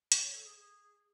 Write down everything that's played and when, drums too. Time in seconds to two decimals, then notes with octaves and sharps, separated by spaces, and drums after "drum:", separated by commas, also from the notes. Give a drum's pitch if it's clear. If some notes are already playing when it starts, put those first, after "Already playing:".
0.12 D5, drum: hi-hat
0.22 C#5
0.33 A4
0.45 G#4
0.56 G#4